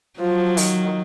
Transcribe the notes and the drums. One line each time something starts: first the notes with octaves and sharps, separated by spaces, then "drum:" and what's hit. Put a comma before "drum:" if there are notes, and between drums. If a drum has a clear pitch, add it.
F3 F#3
D#3, drum: open hi-hat